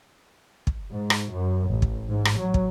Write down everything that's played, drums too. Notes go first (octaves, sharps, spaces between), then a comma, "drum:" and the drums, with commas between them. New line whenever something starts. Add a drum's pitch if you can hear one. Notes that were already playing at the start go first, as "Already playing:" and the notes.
drum: kick
G#2
drum: rim click
F#2
A1
drum: kick
G#2
drum: rim click
F#3
drum: kick